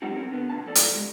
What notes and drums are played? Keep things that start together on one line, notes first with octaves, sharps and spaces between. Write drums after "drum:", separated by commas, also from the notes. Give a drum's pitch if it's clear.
F#3 G#3 C4 D#4 F#4 G4
C4 C#4 A#4
D3 B3
B1 A#2 D3 A5
F3 A4 D5
drum: hi-hat
C3 G#3